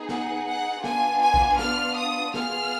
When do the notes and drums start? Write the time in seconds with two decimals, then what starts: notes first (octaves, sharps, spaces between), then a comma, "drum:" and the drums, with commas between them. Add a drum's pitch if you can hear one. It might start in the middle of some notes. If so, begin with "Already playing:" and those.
Already playing: B3 D#4 G#4
0.09 F#5, drum: snare
0.46 F#5
0.84 B3 D4 F4 G#5, drum: snare
1.22 G#5
1.34 drum: kick A#1
1.59 F6, drum: snare
1.96 D#6
2.34 B3 F4 G#4 F6, drum: snare